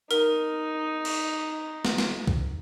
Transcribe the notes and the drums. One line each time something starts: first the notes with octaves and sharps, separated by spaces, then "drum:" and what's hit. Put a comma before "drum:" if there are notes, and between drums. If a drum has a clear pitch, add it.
D#4 A#4, drum: hi-hat
drum: cymbal
drum: snare
drum: snare
drum: kick C2